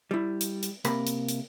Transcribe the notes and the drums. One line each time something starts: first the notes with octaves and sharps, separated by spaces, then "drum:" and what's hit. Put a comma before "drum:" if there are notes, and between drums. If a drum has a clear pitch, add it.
G3 E4
drum: hi-hat
drum: hi-hat
C3 A#3 A#4 B5, drum: hi-hat
drum: hi-hat
drum: hi-hat